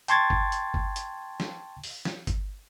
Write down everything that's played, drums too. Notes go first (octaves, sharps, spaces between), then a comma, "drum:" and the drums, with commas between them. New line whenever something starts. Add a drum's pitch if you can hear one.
G5 A5 C6 C#6 G#6 A6, drum: hi-hat
drum: kick G1
drum: hi-hat
drum: kick G1
drum: hi-hat
drum: snare
drum: open hi-hat
drum: snare
drum: kick G1, hi-hat